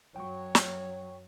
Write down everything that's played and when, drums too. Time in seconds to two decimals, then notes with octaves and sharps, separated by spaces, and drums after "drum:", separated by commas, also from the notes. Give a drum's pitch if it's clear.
0.16 F#2 F#3 C#5 G5 C#6
0.55 drum: snare